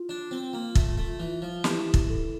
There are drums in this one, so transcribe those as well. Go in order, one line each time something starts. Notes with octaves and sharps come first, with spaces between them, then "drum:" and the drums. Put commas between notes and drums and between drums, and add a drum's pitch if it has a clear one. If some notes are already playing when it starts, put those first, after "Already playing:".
Already playing: F4
D4
C4
A#3
A3, drum: kick
A3
E3
F3
E3 G4, drum: snare
drum: kick
A4